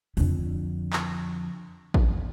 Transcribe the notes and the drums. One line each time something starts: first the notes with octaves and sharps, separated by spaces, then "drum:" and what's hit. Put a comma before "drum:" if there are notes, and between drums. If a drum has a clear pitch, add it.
F2 D3, drum: open hi-hat
drum: clap
drum: kick A1